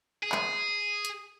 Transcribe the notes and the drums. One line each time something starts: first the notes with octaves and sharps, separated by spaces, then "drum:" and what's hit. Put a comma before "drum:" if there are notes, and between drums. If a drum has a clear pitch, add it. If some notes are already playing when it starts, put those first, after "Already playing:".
G#4
drum: clap
drum: hi-hat